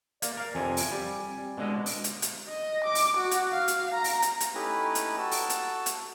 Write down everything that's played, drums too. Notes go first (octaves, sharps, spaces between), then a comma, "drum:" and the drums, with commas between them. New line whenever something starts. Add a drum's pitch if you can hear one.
A#3 D5, drum: hi-hat
A#4 F5
F2 C3 G#5
drum: open hi-hat
G3
C4
B2 D3 G#3 D#5
drum: open hi-hat
drum: hi-hat
drum: hi-hat
D#5
D6
drum: open hi-hat
F#4
drum: hi-hat
F5
drum: hi-hat
A#5
drum: open hi-hat
drum: hi-hat
drum: hi-hat
A3 C#4 D#4 E4 G4 B4
drum: hi-hat
F#4 A4 A5
drum: open hi-hat
drum: hi-hat
drum: hi-hat